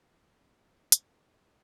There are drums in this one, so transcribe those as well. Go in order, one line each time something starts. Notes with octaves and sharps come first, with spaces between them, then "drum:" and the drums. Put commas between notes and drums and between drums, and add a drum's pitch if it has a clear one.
D5
F#5
C3
C5
C#5
G#4, drum: hi-hat
C3
A4
F#4
D4